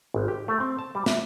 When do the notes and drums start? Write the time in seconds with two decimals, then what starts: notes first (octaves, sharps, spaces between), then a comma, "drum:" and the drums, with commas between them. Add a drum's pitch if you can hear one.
0.14 G#1
0.28 G4
0.48 A3
0.60 C4
0.79 A5
0.95 G3
1.06 E5, drum: snare